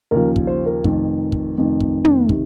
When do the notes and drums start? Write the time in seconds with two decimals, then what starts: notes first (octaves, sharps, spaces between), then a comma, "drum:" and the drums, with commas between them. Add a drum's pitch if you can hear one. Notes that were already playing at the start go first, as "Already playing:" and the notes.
0.11 D#2 C#3 F3 A#4
0.36 drum: kick
0.47 C5
0.66 A#4
0.84 F1 F2 D#3, drum: kick
1.32 drum: kick
1.57 F1 F2 D#3
1.80 drum: kick
2.05 drum: tom
2.29 C3 D#3, drum: kick